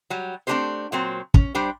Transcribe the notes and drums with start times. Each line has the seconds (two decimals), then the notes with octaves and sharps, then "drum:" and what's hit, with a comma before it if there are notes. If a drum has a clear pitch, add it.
0.10 F#3 G3
0.47 A3 C4 D4 F#4 G4 C5
0.92 A#2 F#3 C4
1.34 C#4, drum: kick
1.55 G3 D4 G4 C5